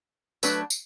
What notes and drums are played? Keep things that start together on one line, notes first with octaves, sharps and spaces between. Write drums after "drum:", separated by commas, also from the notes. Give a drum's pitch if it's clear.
F#3 A3 D4 B4, drum: tambourine
drum: tambourine